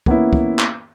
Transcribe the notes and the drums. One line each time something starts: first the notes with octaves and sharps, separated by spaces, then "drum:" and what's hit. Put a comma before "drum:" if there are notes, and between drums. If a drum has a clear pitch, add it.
A#3 B3 C#4 E4, drum: kick
drum: kick
drum: clap